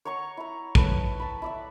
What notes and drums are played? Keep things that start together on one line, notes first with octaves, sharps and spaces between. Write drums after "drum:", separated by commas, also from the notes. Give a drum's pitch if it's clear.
C#5 F#5 A#5 C#6
E4 A#5
A4 B4 C#5, drum: kick
A5 B5
E4 D5 E5